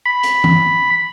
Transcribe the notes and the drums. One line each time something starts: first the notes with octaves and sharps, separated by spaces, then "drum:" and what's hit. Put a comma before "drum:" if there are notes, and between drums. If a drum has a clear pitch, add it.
B5
drum: hi-hat
drum: tom E3